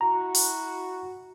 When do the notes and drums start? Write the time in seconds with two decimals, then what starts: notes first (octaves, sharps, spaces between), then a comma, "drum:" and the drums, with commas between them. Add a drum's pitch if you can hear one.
0.01 E4 F#4 A#5
0.35 drum: open hi-hat